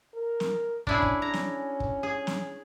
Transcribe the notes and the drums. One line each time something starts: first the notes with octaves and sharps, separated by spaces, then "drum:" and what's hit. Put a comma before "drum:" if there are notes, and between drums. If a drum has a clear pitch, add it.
A#4
drum: snare
C#4 D4 E4 G#4, drum: kick
drum: kick
C#4 A#5
drum: snare
drum: kick
G#4
drum: snare